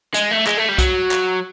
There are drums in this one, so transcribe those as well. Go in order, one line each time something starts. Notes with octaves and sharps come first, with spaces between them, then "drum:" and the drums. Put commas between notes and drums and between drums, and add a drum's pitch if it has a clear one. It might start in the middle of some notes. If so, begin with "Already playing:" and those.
G#3, drum: hi-hat
A3
G#3, drum: clap
A3
G3
F#3, drum: kick B1, hi-hat
drum: clap